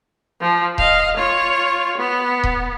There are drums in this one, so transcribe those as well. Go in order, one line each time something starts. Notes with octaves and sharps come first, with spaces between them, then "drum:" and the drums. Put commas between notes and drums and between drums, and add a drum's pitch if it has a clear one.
F3
D#5 F5, drum: kick D#1
F4 C#5
B3
drum: kick D#1